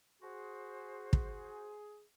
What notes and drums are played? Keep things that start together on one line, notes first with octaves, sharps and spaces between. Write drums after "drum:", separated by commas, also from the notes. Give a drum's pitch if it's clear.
F#4 G#4 C5
drum: kick